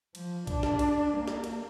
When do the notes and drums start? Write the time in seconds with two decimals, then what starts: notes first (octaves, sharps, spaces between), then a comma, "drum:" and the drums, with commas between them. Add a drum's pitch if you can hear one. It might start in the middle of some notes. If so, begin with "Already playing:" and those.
0.15 F3, drum: cymbal
0.47 D4, drum: kick, cymbal
0.63 drum: snare
0.79 drum: cymbal
1.16 A#3
1.28 drum: snare
1.44 drum: cymbal